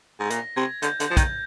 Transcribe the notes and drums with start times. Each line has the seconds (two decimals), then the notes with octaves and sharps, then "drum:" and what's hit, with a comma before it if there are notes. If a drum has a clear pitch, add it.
0.20 G#2
0.30 A#2 A#6, drum: hi-hat
0.56 C3 G#6
0.82 D3 G6, drum: hi-hat
1.00 D3, drum: hi-hat
1.08 F3 G6
1.17 D#3, drum: kick, hi-hat